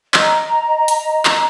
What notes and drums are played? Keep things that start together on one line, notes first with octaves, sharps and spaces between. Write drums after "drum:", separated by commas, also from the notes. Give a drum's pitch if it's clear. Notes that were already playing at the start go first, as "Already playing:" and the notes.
D#5 A#5, drum: clap
drum: hi-hat
drum: clap